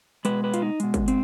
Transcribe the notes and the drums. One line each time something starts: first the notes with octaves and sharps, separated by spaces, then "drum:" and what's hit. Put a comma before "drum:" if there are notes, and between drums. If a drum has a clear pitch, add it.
B2 G#3 B4, drum: hi-hat
B4
F4, drum: hi-hat
D#4
B2 G#3, drum: hi-hat
drum: kick, hi-hat
C4, drum: hi-hat